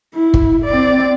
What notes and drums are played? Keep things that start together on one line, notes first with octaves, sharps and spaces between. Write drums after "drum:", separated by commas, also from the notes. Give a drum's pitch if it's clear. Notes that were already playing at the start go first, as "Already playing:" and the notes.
E4
drum: kick
C4 D5